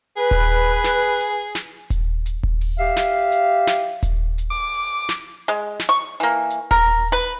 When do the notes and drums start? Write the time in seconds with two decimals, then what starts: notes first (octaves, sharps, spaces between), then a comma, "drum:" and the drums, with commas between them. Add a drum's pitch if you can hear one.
0.17 G#4 B4
0.31 drum: kick D#1
0.84 drum: snare
1.20 drum: hi-hat
1.55 drum: snare
1.90 drum: kick D#1, hi-hat
2.26 drum: hi-hat
2.43 drum: kick D#1
2.61 drum: open hi-hat
2.79 G4 E5 F5
2.96 drum: snare
3.32 drum: hi-hat
3.67 drum: snare
4.03 drum: kick D#1, hi-hat
4.38 drum: hi-hat
4.50 D6
4.73 drum: open hi-hat
5.09 drum: snare
5.48 G#3
5.79 drum: snare
5.89 C#6
6.20 E3 A#3
6.50 drum: hi-hat
6.71 A#4, drum: kick D#1
6.86 drum: open hi-hat
7.12 B4